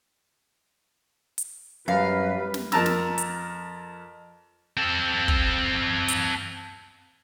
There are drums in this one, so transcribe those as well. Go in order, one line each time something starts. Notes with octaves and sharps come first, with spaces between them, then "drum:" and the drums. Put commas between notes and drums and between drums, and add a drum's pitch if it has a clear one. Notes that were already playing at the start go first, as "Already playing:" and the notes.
drum: hi-hat
F#2 G3 B4 F5
drum: snare
F2 A#4 A5 A#5 E6, drum: snare
drum: snare
drum: hi-hat
C4 A4
drum: kick
drum: hi-hat